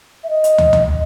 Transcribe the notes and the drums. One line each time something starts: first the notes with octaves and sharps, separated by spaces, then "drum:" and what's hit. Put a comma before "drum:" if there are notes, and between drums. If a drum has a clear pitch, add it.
E5
D#5
drum: hi-hat
drum: tom
drum: tom